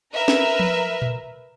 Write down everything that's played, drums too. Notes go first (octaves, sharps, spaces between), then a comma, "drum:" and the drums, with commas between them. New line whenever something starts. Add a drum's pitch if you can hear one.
A#4 B4 E5
drum: snare
drum: tom F3
drum: tom A#2